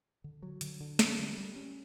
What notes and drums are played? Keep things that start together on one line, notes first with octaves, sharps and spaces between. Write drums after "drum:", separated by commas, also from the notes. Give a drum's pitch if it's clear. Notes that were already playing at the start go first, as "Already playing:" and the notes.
D3
F#3
D3, drum: hi-hat
D3
C#4, drum: snare
G3
G3
C#4